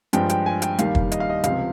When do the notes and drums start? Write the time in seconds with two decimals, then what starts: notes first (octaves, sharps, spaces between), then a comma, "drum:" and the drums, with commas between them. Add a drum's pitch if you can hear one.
0.13 G2 F3 G#3 G5, drum: hi-hat
0.29 G5, drum: hi-hat
0.46 G#5
0.62 G5, drum: hi-hat
0.79 D#2 D#3 G3 F5, drum: hi-hat
0.95 drum: kick
1.12 D#5, drum: hi-hat
1.20 F5
1.30 D#5
1.44 C#2 C3 F3 F5, drum: hi-hat